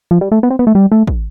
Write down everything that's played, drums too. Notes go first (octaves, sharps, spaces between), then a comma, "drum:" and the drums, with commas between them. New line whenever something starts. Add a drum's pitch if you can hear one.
F3
G3
A3
B3
C4
B3
A3
G3
A3
drum: kick